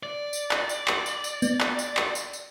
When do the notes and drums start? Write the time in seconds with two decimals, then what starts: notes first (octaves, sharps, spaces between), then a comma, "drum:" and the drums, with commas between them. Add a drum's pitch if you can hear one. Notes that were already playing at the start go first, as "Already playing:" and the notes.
0.03 D5
0.33 drum: tambourine
0.51 drum: clap
0.69 drum: tambourine
0.88 drum: clap
1.06 drum: tambourine
1.24 drum: tambourine
1.42 B3, drum: tambourine
1.60 drum: clap
1.79 drum: tambourine
1.97 drum: clap
2.15 drum: tambourine
2.33 drum: tambourine